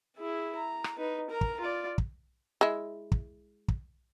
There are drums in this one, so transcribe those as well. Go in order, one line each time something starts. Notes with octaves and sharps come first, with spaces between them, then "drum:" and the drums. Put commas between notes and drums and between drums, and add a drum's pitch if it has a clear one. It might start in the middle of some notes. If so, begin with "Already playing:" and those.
E4 G#4
A#5
drum: rim click
D#4 B4
A#4 A#5
drum: kick
F4 D5
drum: kick
G#3 E4
drum: kick
drum: kick